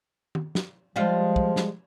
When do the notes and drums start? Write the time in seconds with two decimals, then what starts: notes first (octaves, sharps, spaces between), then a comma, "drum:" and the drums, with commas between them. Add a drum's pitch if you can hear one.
0.35 drum: tom
0.55 drum: snare
0.96 F3 G3 G#3 F4
1.36 drum: kick
1.56 drum: snare